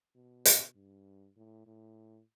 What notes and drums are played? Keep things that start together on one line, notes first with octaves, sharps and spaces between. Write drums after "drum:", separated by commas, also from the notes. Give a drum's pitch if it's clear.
B2
drum: hi-hat
G2
A2
A2